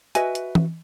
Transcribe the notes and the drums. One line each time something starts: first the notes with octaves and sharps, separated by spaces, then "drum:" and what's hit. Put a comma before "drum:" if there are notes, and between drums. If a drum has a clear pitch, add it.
F#4 B4 D#5 E5 G#5, drum: hi-hat
drum: hi-hat
drum: tom E3